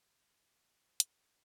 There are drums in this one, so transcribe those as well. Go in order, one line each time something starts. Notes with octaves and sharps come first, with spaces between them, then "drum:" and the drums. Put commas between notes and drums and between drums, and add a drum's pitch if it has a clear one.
G#1
drum: hi-hat